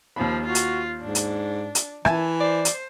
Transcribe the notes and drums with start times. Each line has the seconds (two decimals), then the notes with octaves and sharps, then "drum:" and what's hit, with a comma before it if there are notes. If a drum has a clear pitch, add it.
0.16 D#2 F3 B5
0.46 F4 F#4
0.55 drum: hi-hat
1.02 G#2 D4
1.15 drum: hi-hat
1.75 drum: hi-hat
2.05 E3 E5 G#5 A5, drum: rim click
2.41 C5 D5
2.65 drum: hi-hat